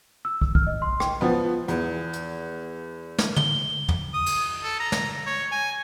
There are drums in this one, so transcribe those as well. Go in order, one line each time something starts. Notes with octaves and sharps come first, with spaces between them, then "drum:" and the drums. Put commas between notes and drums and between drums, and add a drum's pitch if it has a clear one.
E6
E6, drum: kick
F6, drum: kick
D#5
C6
G5, drum: rim click
F3 B3
E2, drum: hi-hat
drum: hi-hat
drum: snare
G7, drum: tom
drum: tom E2
D#6
drum: cymbal
A4
A#5
drum: snare
C#5
G#5